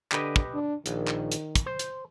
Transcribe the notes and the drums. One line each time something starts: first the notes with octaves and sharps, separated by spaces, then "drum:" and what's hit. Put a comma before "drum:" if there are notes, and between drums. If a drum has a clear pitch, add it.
D3 G4 B4 D#5, drum: clap
drum: kick
D4
A#1 D#3, drum: hi-hat
drum: clap
drum: hi-hat
drum: kick, hi-hat
C5
drum: hi-hat